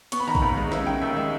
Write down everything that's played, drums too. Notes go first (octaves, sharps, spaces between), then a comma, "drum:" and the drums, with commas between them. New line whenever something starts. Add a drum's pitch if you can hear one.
B3 C#6, drum: hi-hat
B5
D#3 A#5
B5, drum: kick A#1
D#2
G#3
C#4 E5, drum: snare
D#3 G5
D#2 E5
G#3 E5